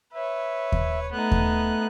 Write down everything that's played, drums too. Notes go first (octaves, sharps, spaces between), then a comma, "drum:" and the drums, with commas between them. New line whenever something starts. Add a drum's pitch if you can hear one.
B4 C#5 E5
drum: kick D#2
A3 B3 D#4 F#6
drum: kick D#2